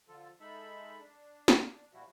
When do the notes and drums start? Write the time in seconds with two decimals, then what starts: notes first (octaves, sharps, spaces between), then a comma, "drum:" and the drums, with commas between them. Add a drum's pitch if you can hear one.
0.08 D3 F3 F4 A4
0.40 G#3 D#4 A4 E5 B5
0.99 D4
1.48 drum: snare
1.93 A#2 F3 G3 E4 F#4